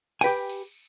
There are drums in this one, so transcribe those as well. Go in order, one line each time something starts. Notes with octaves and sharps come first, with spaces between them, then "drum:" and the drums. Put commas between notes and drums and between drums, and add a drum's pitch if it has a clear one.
G4 B4 G5 G#5, drum: tambourine
drum: tambourine